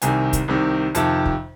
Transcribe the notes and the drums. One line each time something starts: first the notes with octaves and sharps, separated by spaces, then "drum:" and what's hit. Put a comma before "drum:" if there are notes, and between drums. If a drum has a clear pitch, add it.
C2 C3 D#3 G#5, drum: hi-hat
drum: kick, hi-hat
C2 C3 D#3
F2 C3 D#3 A5, drum: hi-hat
drum: kick